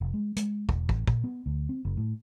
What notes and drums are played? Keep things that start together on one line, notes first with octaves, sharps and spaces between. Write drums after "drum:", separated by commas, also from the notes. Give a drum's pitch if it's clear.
F1
G#3
G#3, drum: hi-hat
E1, drum: kick
A1, drum: kick
A#2, drum: kick
B3
D2
C4
F#1
A2